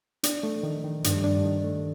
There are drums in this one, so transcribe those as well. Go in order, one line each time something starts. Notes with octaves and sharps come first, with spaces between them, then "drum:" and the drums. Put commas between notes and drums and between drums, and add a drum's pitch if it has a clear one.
D4, drum: hi-hat
A3
D#3
D#3
G2 D4, drum: hi-hat
D4
D#3
A3